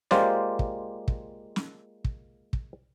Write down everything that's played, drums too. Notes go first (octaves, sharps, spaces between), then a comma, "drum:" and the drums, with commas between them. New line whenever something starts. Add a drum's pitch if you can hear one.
G#3 A#3 F4 G4 C5 D5, drum: snare
drum: kick
drum: kick
drum: snare
drum: kick
drum: kick